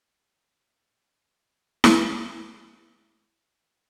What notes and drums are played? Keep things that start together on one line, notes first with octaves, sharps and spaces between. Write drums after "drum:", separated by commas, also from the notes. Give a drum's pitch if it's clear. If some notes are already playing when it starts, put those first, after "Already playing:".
Already playing: G#2 F#3 G#4
C#2 C#3 F#3 F#4
F#4
drum: snare E4